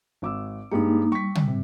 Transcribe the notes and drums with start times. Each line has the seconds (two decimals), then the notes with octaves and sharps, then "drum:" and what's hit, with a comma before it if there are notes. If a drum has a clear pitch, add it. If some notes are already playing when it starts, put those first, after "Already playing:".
0.22 G#1 D6 E6
0.72 G2 G#3 A#3 D#4 G4
1.12 G3 C#6 B6
1.35 drum: tom
1.47 C3